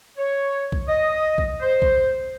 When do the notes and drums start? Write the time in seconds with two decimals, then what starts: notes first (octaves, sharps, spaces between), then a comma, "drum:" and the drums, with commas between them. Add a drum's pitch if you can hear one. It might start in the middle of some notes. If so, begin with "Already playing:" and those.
0.17 C#5
0.72 drum: kick A#1
0.88 D#5
1.38 drum: kick A#1
1.60 C5
1.82 drum: kick A#1